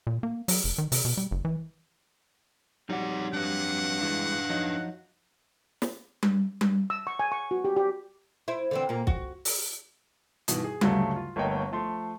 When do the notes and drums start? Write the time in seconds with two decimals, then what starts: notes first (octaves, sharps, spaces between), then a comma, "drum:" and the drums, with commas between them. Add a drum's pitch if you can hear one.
0.07 A#2
0.23 A#3
0.48 F#3, drum: open hi-hat
0.64 F1
0.78 D#3
0.92 C3, drum: open hi-hat
1.05 B2
1.17 G3
1.31 F#1
1.45 E3
2.89 F2 F#3 G3 D#4 F#5
3.33 D4 B4 F#5
4.01 G2 E3 G#3
4.50 F3 F#3 D#4
5.82 drum: snare
6.23 drum: tom G3
6.61 drum: tom G3
6.90 E6
7.07 C#6
7.19 G#5
7.32 C#6
7.51 F#4
7.65 G4
7.77 G4
8.48 E4 C5
8.71 D3 E3 C4
8.89 A#2 A#3
9.07 F#4, drum: kick
9.45 drum: open hi-hat
10.48 G2 B2 D#3 E3, drum: hi-hat
10.64 G#4
10.81 D2 G2 C#3 F#3 G3 A3, drum: tom G3
11.16 F4
11.36 G1 A3 A#3 C#5 D#5 G5
11.72 F3 A3 C6